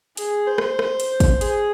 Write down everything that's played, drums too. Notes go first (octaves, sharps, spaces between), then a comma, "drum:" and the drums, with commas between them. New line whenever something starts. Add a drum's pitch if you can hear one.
G#4, drum: hi-hat
C5
drum: rim click
drum: rim click
drum: hi-hat
drum: kick, hi-hat
G#4, drum: hi-hat